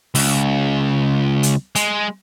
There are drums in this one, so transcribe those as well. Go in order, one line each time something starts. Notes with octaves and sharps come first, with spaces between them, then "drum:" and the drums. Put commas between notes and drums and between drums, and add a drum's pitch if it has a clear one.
C#2, drum: open hi-hat
drum: hi-hat
G#3, drum: hi-hat